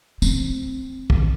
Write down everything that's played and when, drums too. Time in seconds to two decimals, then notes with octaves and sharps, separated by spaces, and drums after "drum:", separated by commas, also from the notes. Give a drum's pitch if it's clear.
0.22 C4, drum: tambourine
1.10 drum: kick